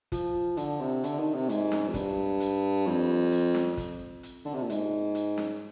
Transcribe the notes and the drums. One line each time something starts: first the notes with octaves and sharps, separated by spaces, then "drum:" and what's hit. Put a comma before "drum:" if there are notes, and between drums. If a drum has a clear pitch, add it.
F3, drum: kick, hi-hat
D3, drum: hi-hat
C3
D3, drum: hi-hat
D#3
C3
G#2, drum: hi-hat
drum: snare C#4
F2
G2, drum: kick, hi-hat
drum: hi-hat
F2
drum: hi-hat
drum: snare C#4
drum: kick, hi-hat
drum: hi-hat
D3
C3
A#2
G#2, drum: hi-hat
drum: hi-hat
drum: snare C#4